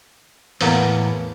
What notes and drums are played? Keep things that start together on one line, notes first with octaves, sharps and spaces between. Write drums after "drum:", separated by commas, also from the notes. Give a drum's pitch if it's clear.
E2 A2 A#3 B3 F5 A#5, drum: open hi-hat